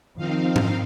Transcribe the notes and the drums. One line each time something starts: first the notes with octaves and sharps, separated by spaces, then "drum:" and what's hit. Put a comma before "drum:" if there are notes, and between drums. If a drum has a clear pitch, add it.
D#3 F3 C4 D#4 F5
drum: tom G#2